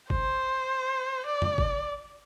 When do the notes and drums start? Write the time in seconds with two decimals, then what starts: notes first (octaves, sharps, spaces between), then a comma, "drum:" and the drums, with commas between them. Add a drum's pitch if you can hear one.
0.10 C5, drum: kick G1
1.26 D5
1.42 drum: tom F2
1.58 drum: kick G1